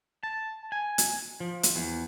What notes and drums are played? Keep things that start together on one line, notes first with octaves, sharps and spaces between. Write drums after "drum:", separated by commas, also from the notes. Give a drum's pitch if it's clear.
A5
G#5
drum: hi-hat
F3
drum: hi-hat
E2